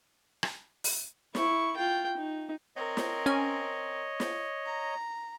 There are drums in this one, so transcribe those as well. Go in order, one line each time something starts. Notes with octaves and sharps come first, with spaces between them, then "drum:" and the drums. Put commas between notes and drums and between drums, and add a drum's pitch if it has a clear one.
drum: rim click
drum: open hi-hat
E4 C#6, drum: snare
F4 G5
D#4
C4 A#4 C#5 D#5
drum: snare
C#4 G#5
drum: snare
A#5